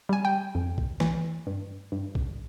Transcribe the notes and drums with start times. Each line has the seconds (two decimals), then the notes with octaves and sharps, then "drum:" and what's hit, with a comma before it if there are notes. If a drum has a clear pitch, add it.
0.09 G3 G#5
0.25 G5
0.55 F2
0.78 drum: kick B1
1.00 E3, drum: snare
1.47 G2
1.92 G2
2.15 drum: kick B1